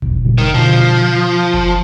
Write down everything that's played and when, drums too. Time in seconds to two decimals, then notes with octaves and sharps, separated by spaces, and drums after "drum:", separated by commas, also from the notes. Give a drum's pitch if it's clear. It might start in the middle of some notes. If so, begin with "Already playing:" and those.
0.02 F1 B1 E2, drum: kick F#1
0.24 A#2 C#3 G3
0.38 F#1 D#3
0.55 B2 D3 F3
1.54 drum: kick F#1